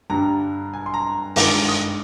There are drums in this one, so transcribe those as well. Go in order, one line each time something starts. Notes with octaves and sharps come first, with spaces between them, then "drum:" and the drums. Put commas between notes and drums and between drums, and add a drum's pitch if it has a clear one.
G2 D3 G3 A#5
G#5
C6
A#5
G2 D#3 G#3 D6, drum: open hi-hat
D#6